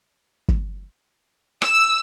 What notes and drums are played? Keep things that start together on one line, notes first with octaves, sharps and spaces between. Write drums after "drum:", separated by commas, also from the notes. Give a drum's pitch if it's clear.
drum: kick
E6, drum: rim click